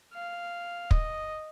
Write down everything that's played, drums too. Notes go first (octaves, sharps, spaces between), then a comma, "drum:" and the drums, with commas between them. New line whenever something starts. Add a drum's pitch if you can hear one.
F5
D#5, drum: kick